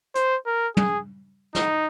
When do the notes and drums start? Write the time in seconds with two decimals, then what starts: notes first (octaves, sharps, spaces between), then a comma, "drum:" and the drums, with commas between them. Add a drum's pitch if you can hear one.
0.15 C5, drum: hi-hat
0.46 A#4
0.77 G#4, drum: tom
1.55 D#4, drum: snare